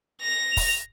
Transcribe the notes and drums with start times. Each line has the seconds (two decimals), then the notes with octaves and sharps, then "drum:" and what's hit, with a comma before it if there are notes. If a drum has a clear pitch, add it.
0.21 A#6 F7
0.57 drum: kick, open hi-hat